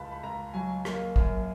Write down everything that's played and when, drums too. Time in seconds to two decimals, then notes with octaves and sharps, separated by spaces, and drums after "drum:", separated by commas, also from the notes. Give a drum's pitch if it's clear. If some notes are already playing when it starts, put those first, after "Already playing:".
Already playing: C#2 G#3 A5 B5
0.12 B5
0.23 C#2 A#5
0.54 F#3 G#5
0.85 A#3, drum: rim click
1.16 F#2, drum: kick